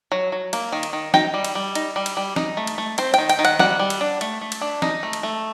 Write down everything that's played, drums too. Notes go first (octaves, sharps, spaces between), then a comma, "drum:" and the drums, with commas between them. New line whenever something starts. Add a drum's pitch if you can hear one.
F#3
F#3
A#3, drum: cymbal
D#3
drum: cymbal
D#3
D#4 G5, drum: snare
G3
drum: cymbal
G3
D#4, drum: cymbal
G3
drum: cymbal
G3
D#4, drum: snare
A3
drum: cymbal
A3
C4 C5, drum: cymbal
D#3 G5, drum: cymbal
G5, drum: cymbal
D#3
F#5, drum: cymbal
G3 F#5, drum: snare
G3
drum: cymbal
D4
A3, drum: cymbal
A3
drum: cymbal
D4
D#4, drum: snare
A3
drum: cymbal
A3